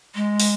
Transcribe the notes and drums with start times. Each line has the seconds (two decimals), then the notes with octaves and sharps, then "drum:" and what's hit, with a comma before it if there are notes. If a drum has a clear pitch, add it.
0.15 G#3
0.40 drum: open hi-hat